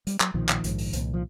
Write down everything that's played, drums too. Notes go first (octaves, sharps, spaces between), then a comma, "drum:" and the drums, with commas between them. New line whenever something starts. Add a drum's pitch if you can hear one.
G3, drum: hi-hat
F#3, drum: clap
B1 A#2 D#3 F3
drum: clap
A#1 G#2, drum: hi-hat
drum: open hi-hat
C2 A#2, drum: hi-hat
F3